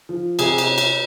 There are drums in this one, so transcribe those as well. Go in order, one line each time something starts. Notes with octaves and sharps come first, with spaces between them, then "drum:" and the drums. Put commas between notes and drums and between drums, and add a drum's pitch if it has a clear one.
F3
C3 G#4, drum: cymbal
drum: cymbal
C#4
drum: cymbal